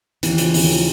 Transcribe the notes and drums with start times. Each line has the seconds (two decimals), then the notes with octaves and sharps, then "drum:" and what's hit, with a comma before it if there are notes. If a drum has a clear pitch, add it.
0.23 D#2 E3, drum: hi-hat
0.38 C#3 F3, drum: hi-hat
0.54 D#2, drum: open hi-hat
0.70 C#3 F3